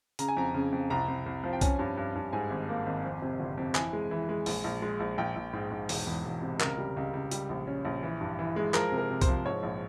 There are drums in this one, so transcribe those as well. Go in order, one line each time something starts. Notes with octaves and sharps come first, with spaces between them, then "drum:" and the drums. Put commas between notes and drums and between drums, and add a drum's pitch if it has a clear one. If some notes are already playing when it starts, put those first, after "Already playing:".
C#3 A#5, drum: hi-hat
G#5
F2 A#5
C#3
F2
C2 A#5
C2
C2
F3
G5
C#4 G#5, drum: kick, hi-hat
G2
G2
G2
G#2 G#5
G#1
A#3
G#1
F2
C3
G1
F2
E3 G#5, drum: clap
G#3
E3
G#3
A#1, drum: open hi-hat
A#1
G#3
A#1
A#1 G5
A#1
G#2
G#2
E1, drum: open hi-hat
E2
E1
C3
C#2 A#4, drum: clap
G3
C#2
C#2
G3, drum: hi-hat
A#1
C#4
A#1
E3
G2
E3
G#3
F3 A#4, drum: clap
C3
A#4
C3
C5, drum: kick, hi-hat
F3
G#2 C#5
A#1